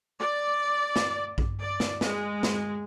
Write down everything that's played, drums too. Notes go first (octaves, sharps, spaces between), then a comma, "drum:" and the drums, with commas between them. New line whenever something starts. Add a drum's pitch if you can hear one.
D5
drum: snare
drum: kick A#1
D5
drum: snare
G#3, drum: snare
drum: snare